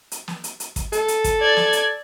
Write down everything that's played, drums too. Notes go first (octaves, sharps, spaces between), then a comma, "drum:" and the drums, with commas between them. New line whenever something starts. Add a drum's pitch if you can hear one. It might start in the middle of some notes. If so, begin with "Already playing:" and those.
drum: hi-hat
drum: snare
drum: hi-hat
drum: hi-hat
drum: kick, hi-hat
A4, drum: hi-hat
drum: hi-hat
drum: kick, hi-hat
D5 G#6
drum: snare
drum: hi-hat